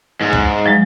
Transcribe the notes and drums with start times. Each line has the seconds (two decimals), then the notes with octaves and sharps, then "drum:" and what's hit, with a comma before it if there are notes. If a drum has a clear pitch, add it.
0.22 G#2
0.33 drum: kick C2
0.66 F3 F#3 G#3